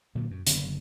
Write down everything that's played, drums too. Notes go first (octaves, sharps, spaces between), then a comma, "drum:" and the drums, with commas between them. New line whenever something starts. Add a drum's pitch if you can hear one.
A#2 D3 F#3
F#2
F#1 D3 B3, drum: hi-hat